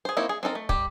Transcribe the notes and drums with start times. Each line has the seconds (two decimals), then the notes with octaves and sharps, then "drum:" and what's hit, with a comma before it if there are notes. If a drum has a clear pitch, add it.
0.05 G#4 C5
0.17 A#3 C4 D#4 E4 C#5
0.29 G#4
0.43 C4 D#4 A4 A#4
0.55 A3
0.69 G3 G4, drum: kick